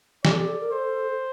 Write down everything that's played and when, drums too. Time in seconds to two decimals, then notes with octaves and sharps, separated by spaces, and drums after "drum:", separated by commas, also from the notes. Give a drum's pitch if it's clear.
0.25 G4 D5, drum: snare
0.32 A4
0.36 G4
0.48 A4
0.60 A#4
0.71 A4 C5